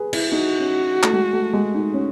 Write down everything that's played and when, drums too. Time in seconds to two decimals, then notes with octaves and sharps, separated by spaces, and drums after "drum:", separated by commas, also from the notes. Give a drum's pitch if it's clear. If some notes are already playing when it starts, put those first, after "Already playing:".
Already playing: G#4 B4
0.13 E4, drum: cymbal
0.32 D#4 F#4
0.59 C#4
1.03 A3, drum: clap
1.13 G#3
1.33 A3
1.53 G#3
1.74 D#4
1.94 C#4